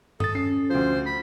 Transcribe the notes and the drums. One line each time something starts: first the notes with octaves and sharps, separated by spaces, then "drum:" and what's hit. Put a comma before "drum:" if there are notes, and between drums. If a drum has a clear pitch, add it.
A4 D#6 A6, drum: tom G2
C#4 C7
D2 F3 C5
B5